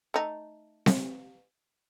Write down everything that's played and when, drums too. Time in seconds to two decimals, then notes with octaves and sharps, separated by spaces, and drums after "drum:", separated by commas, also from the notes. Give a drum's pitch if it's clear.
0.14 A3 D#4
0.86 drum: snare C4